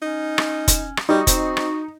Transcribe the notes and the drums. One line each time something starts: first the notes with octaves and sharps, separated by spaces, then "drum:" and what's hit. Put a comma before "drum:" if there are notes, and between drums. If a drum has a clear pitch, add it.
C#4 D#4
drum: rim click
drum: kick F1, hi-hat
drum: rim click
G3 D#4 F#4
C4, drum: kick F1, hi-hat
drum: rim click